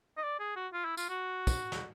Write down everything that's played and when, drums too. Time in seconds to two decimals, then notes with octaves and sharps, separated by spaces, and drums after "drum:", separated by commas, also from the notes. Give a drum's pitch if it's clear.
0.17 D#5
0.24 D5
0.40 G#4
0.56 F#4
0.73 F4
0.85 E4
0.97 F4, drum: tambourine
1.09 F#4
1.47 drum: kick, tambourine
1.72 drum: snare